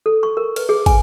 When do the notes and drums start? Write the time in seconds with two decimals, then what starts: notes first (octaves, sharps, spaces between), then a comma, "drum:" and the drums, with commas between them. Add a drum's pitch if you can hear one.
0.06 A4
0.23 C#6
0.37 A#4
0.56 B4, drum: cymbal
0.69 G#4
0.86 G#5, drum: kick, cymbal